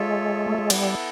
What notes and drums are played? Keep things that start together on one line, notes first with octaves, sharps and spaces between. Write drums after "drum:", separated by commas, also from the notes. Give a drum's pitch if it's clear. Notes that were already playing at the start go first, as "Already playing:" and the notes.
Already playing: G#3 F4 A4 C#5 E5
A3
G#3
G3 B3 E4 A4, drum: cymbal